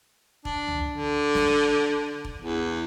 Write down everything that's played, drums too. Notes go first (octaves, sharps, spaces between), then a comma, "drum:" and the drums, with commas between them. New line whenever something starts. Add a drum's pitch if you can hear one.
D4, drum: kick
drum: tom C#2
D3
drum: snare
drum: kick
E2